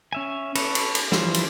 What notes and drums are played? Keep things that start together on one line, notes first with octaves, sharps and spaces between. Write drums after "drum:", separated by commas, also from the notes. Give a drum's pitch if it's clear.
C#4 E5 G#5
A4 B4 C#5, drum: cymbal
drum: cymbal
drum: cymbal
E3 F3 G3 C#4 C5, drum: snare
drum: cymbal